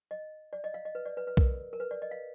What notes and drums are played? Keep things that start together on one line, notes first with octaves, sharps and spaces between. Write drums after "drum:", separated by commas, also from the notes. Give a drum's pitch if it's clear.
D#5
D5
D#5
F5
D#5
B4
D5
B4
B4
A#4, drum: kick B1
A#4
B4
D5
D#5
F5